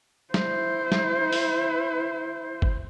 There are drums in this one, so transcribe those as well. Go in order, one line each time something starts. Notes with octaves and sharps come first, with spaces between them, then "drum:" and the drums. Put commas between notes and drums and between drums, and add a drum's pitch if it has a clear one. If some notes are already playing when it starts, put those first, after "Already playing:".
E4 C5, drum: snare
drum: snare
drum: open hi-hat
drum: kick G1